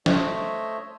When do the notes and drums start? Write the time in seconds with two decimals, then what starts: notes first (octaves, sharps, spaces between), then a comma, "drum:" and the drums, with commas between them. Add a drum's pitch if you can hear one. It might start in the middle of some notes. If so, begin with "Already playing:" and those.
0.06 A3 C5 C#5 D#5 E5, drum: snare